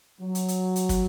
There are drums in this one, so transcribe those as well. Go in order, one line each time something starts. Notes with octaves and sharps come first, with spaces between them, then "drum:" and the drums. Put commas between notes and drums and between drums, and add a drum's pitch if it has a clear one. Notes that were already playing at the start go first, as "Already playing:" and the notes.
F#3
drum: hi-hat
drum: hi-hat
drum: hi-hat
drum: kick, hi-hat